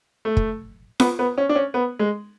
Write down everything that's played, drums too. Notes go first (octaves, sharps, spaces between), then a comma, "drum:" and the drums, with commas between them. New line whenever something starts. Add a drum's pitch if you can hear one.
A3
drum: kick
B3, drum: snare F4
B3
C#4
D4
C#4
B3
G#3